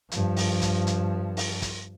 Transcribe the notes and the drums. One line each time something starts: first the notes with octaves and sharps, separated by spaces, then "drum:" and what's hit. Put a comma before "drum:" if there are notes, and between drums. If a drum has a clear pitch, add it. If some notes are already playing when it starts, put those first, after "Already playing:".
G2 F3, drum: hi-hat
drum: open hi-hat
drum: kick, hi-hat
drum: hi-hat
drum: open hi-hat
drum: kick, hi-hat